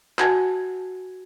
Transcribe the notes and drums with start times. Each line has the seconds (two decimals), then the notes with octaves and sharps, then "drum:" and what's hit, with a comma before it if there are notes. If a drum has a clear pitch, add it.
0.19 F#4 F#5 G#5 A5 G#6, drum: clap